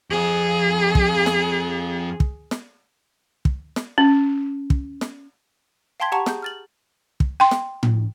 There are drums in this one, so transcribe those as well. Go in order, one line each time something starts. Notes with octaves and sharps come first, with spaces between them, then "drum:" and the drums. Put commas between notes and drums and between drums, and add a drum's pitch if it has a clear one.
F2 C4 G#4
drum: kick
drum: snare
drum: kick
drum: snare
drum: kick
drum: snare
C#4
drum: kick
drum: snare
F5 G5 A5 C6 G#6 B6
G4 F#5 A5 A#5 C#6 E7
G#4 G6, drum: snare
F6 A6 F#7
drum: kick
G5 C6
drum: snare
drum: tom A2